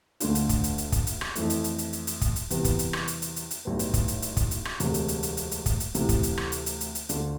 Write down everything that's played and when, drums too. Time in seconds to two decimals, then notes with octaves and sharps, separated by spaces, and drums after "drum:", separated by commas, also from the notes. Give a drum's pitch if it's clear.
0.20 D2 D3 A3 D4 F4, drum: hi-hat
0.35 drum: hi-hat
0.49 drum: kick, hi-hat
0.64 drum: hi-hat
0.78 drum: hi-hat
0.92 drum: kick, hi-hat
1.07 drum: hi-hat
1.21 drum: rim click
1.35 F2 E3 A3, drum: hi-hat
1.50 drum: hi-hat
1.64 drum: hi-hat
1.78 drum: hi-hat
1.93 drum: hi-hat
2.07 drum: hi-hat
2.21 drum: kick, hi-hat
2.36 drum: hi-hat
2.50 E2 C3 G3 B3, drum: hi-hat
2.64 drum: kick, hi-hat
2.79 drum: hi-hat
2.93 drum: rim click
3.08 drum: hi-hat
3.22 drum: hi-hat
3.36 drum: hi-hat
3.51 drum: hi-hat
3.65 B1 A2 G3 B3
3.79 drum: hi-hat
3.94 drum: kick, hi-hat
4.08 drum: hi-hat
4.22 drum: hi-hat
4.37 drum: kick, hi-hat
4.51 drum: hi-hat
4.65 drum: rim click
4.80 E1 D2 C3, drum: hi-hat
4.94 drum: hi-hat
5.08 drum: hi-hat
5.23 drum: hi-hat
5.37 drum: hi-hat
5.51 drum: hi-hat
5.66 drum: kick, hi-hat
5.80 drum: hi-hat
5.94 D2 C3 E3, drum: hi-hat
6.09 drum: kick, hi-hat
6.23 drum: hi-hat
6.37 drum: rim click
6.52 drum: hi-hat
6.66 drum: hi-hat
6.81 drum: hi-hat
6.95 drum: hi-hat
7.09 D2 D3 A3 D4 F4, drum: hi-hat